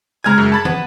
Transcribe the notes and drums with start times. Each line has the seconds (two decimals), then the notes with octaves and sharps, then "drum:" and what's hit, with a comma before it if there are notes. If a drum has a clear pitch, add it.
0.24 C#3 G#3 G#5 A#5 F6 G#6
0.38 F#2
0.52 A5 B5 A6
0.65 B3, drum: tom